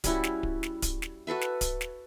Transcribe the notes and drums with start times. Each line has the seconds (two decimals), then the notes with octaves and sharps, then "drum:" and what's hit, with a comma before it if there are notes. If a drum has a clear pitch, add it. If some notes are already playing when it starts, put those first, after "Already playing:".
0.04 G3 C#4 E4 F#4, drum: kick D1, hi-hat
0.23 drum: snare
0.43 drum: kick D1
0.63 drum: snare
0.82 drum: kick D1, hi-hat
1.02 drum: snare
1.27 F#4 A4 B4 E5
1.41 drum: snare
1.61 drum: kick D1, hi-hat
1.81 drum: snare